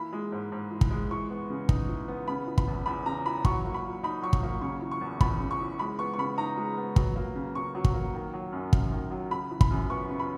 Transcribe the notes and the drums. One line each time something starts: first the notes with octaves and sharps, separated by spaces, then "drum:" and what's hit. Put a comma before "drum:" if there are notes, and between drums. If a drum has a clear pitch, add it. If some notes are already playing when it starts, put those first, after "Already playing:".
Already playing: E3 A#3 B5
G#3
G#2
G#2
E3
drum: kick
G#3
E3 C#6
B3
C#3
D#4, drum: kick
E3
B3
C#3 B5
E3
B5, drum: kick
E2
E2 B5
C#3 A#5
E3 B5
F#3 C#6, drum: kick
A#3
B5
A#2
D#4 B5
F#3 C#6
drum: kick
A#3
C#3 C#6
E3
C#6
E2
E2 B5, drum: kick
C#3
C#6
E3
G#3 B5
B3 C#6
C#6
C#3 B5
D#4 A#5
G#3
B3
F#3, drum: kick
A#3
C#3
C#3 C#6
F#3
drum: kick
A#3
D#3
F#3
F#2
F#2, drum: kick
D#3
F#3
C#3 B5
E3
B5, drum: kick
F#2
B3 C#6
C#3
B5